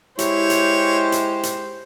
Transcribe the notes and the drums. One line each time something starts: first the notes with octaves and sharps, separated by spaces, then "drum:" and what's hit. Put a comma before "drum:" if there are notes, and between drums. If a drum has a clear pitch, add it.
G#3 E4 G4 C5 C#5, drum: hi-hat
drum: hi-hat
drum: hi-hat
drum: hi-hat